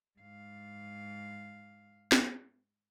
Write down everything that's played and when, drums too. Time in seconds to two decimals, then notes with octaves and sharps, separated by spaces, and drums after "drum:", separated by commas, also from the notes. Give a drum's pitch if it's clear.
0.19 G#2 F5
2.12 drum: snare